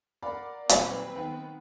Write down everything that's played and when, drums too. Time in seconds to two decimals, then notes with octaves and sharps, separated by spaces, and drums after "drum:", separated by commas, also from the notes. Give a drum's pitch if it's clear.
0.23 A#4 D5 F5 F#5 B5
0.69 D#2 A#2 F#3 G3 A#3 C4 B4, drum: hi-hat
1.16 D#3 B3 G5